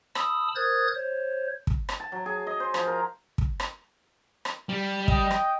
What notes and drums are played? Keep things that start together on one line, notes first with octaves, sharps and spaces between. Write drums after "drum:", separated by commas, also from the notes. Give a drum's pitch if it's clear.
A5 B5 D#6 E6, drum: rim click
A#4 C5 D#6 F#6 G#6 A6
C5 C#5
drum: kick
drum: rim click
A5
F#3
G#4
D#5
C5
F3, drum: rim click
A#4
drum: kick
drum: rim click
drum: rim click
G3
D#5 G5, drum: kick
drum: rim click